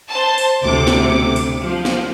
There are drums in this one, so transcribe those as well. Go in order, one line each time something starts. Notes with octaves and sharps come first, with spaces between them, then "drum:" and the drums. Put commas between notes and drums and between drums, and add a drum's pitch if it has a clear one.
C5 A5
drum: open hi-hat
D2 C3 D6
drum: snare
drum: open hi-hat
F3
drum: snare